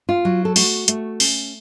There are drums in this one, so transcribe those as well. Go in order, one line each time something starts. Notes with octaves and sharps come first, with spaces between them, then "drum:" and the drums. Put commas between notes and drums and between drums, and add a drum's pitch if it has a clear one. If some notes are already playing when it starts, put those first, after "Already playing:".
F4
F#3
A4
A3 F#4, drum: open hi-hat
A3, drum: hi-hat
C#4, drum: open hi-hat